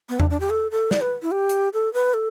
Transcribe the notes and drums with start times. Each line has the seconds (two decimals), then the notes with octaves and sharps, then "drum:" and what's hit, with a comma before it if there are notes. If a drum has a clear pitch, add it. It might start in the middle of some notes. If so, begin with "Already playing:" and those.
0.09 B3
0.20 D4, drum: tom E2
0.30 D4
0.40 G4
0.50 A4
0.71 A4
0.91 D5, drum: snare
1.01 B4
1.22 E4
1.32 G4
1.49 drum: hi-hat
1.73 A4
1.94 B4
2.14 A4